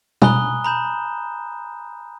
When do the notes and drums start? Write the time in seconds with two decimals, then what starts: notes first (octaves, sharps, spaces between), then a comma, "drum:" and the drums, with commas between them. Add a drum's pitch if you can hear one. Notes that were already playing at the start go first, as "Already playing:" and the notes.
0.22 G#5 A#5 B5 D#6 F#6 G7, drum: tom
0.65 A#5 B5 G6 E7